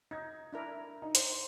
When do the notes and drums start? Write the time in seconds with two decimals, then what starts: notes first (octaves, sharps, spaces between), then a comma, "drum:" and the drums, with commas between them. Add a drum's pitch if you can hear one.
0.11 D#4 G#6 A#6
0.53 D4 E4 A#4
1.02 D#4
1.15 C5, drum: hi-hat